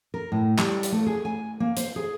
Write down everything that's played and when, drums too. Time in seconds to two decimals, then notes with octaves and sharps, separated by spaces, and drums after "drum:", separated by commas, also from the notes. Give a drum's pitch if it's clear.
0.14 A#4
0.32 A2
0.58 G3, drum: clap
0.83 drum: hi-hat
0.92 A3
1.07 G#4
1.25 G#5
1.60 A#3
1.77 C5, drum: hi-hat
1.96 G#4